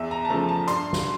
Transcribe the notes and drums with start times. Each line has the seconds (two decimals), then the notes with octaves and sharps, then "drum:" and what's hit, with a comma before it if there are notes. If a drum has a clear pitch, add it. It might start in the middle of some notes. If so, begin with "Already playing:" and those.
Already playing: E2 E5
0.11 A#5
0.25 A5
0.29 C#3 F3 A3 A#5
0.49 A5
0.67 G2 C6, drum: hi-hat
0.93 drum: snare